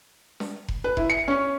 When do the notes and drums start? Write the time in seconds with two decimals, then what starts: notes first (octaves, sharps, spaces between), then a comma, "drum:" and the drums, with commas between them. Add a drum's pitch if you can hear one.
0.40 drum: snare
0.68 drum: kick F1
0.84 B4
0.97 E4, drum: kick F1
1.10 C#7
1.28 C#4